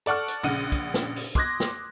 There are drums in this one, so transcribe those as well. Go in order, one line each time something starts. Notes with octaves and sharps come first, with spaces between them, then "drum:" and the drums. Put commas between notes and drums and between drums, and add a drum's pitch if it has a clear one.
A4 D5 F#5 C#6 F6, drum: hi-hat
drum: hi-hat
A#1 C#3 F#5 D#7
drum: kick, hi-hat
drum: snare
drum: open hi-hat
C6 D6 D#6 F#6 G#6 A#6, drum: kick, hi-hat
drum: snare